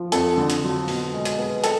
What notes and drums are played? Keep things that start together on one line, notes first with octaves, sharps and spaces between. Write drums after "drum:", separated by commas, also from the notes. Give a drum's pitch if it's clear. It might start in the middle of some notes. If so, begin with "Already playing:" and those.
Already playing: F3
F2 A4, drum: hi-hat
D3
drum: hi-hat
F#3
B2, drum: open hi-hat
G#3
drum: hi-hat
B3
A4, drum: hi-hat